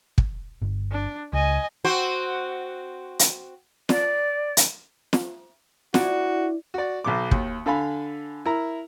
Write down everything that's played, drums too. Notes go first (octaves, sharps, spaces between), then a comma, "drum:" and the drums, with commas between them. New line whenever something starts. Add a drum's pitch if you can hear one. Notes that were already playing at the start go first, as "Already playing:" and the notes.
drum: kick
G1
D4
C#2 D#5 G#5
C4 F#4 C5
drum: hi-hat
D5, drum: snare
drum: hi-hat
drum: snare
D4 E4 F#4, drum: snare
F#4 D5
B1 B2 D6
D#2, drum: kick
D3 A4 F5 G#5 B5
E4 A#4 A#5